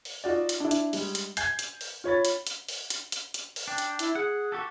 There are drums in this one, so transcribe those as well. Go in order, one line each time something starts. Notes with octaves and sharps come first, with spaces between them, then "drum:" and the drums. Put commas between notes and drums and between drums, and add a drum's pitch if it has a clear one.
drum: open hi-hat
D#4 F4 F#4 D5
drum: hi-hat
D4 E4
drum: hi-hat
G3 G#3, drum: open hi-hat
drum: hi-hat
G#5 G6 G#6 C7, drum: hi-hat
drum: hi-hat
drum: open hi-hat
F4 C#5 B5 A6
drum: hi-hat
drum: hi-hat
drum: open hi-hat
drum: hi-hat
drum: hi-hat
drum: hi-hat
drum: open hi-hat
D4 G5
drum: hi-hat
E4, drum: hi-hat
G#4 F#5
F#4 G4 A4